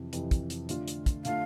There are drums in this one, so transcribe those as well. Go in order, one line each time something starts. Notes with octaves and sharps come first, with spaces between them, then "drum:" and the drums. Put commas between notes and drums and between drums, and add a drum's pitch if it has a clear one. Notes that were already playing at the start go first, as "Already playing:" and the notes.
Already playing: F2 C3 E3
F2 C3 E3, drum: hi-hat
drum: kick, hi-hat
drum: hi-hat
D3 A3 D4 F4, drum: hi-hat
drum: hi-hat
drum: kick, hi-hat
D3 A3 D4 F4 F5, drum: hi-hat